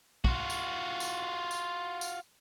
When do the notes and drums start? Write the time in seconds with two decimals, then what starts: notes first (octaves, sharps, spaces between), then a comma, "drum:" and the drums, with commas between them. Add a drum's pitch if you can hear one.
0.24 F4 F#4, drum: kick
0.50 drum: tambourine
1.00 drum: tambourine
1.51 drum: tambourine
2.01 drum: tambourine